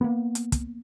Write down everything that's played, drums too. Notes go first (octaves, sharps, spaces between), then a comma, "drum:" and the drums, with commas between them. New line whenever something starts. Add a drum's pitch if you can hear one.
A#3 B3
drum: hi-hat
drum: kick, hi-hat